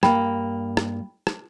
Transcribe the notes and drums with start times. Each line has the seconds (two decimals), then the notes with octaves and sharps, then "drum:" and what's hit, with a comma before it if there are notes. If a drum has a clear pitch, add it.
0.03 G2 A#3 G5 B5, drum: rim click
0.77 drum: rim click
1.27 drum: rim click